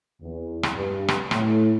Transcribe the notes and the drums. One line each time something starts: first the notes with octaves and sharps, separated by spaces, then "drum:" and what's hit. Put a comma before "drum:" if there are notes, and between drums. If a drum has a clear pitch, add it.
E2
drum: rim click
G2
drum: rim click
A2, drum: rim click